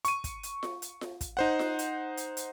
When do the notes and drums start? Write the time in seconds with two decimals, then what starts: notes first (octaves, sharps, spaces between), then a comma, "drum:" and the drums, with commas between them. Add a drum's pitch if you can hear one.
0.05 C#6 D#7, drum: hi-hat
0.24 drum: kick, hi-hat
0.43 drum: hi-hat
0.63 drum: snare F4
0.82 drum: hi-hat
1.01 drum: snare F4
1.21 drum: kick, hi-hat
1.37 D#4 C5 F#5
1.59 drum: snare F4
1.79 drum: hi-hat
2.17 drum: hi-hat
2.37 drum: hi-hat